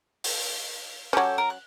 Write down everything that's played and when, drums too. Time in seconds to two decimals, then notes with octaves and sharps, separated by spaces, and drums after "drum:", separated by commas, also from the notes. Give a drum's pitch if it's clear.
0.24 drum: open hi-hat
1.13 F#3 C#4 G4 A4 C#5
1.38 A#4
1.50 F#6